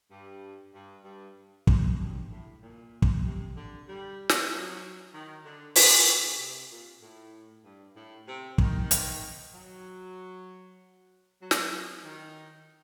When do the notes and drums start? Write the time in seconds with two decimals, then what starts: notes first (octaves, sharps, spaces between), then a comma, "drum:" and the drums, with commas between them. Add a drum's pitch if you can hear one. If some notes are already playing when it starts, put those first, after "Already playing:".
0.10 G2
0.73 G2
1.04 G2
1.67 F#2, drum: kick
1.99 G2
2.31 A2
2.62 A#2
3.02 drum: kick
3.24 C3
3.56 D3
3.87 G3
4.29 drum: snare
4.50 F#3
5.12 D#3
5.45 D3
5.76 A#2, drum: open hi-hat
6.07 C3
6.38 C3
6.70 A#2
7.01 A2
7.63 G2
7.95 A2
8.26 C3
8.58 D#3, drum: kick
8.91 drum: hi-hat
9.52 F#3
11.41 F#3
11.51 drum: snare
12.03 D#3